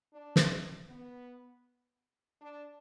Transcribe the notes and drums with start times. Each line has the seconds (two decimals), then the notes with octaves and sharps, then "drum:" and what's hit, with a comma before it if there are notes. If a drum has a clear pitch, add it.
0.13 D4
0.36 drum: snare
0.89 B3
2.42 D4